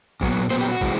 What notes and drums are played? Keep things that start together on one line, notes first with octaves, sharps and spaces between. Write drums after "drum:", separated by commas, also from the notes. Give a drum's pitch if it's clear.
A#2 F#3 B3, drum: kick
A#2 F#3 B3 C5, drum: snare A#3
G4
F#4
C3 E3 G#3 C4, drum: kick